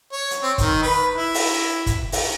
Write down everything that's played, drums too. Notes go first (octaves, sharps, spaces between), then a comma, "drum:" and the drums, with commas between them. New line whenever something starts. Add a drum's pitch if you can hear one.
C#5
drum: hi-hat
C4
D#3, drum: kick, hi-hat
B4
E4
drum: open hi-hat
drum: kick, hi-hat
drum: open hi-hat